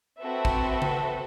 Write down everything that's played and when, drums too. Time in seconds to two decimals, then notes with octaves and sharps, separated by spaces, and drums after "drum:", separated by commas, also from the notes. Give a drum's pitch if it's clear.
0.19 C4 F#4 A4 B4 E5
0.45 drum: kick G#1
0.82 drum: tom C#3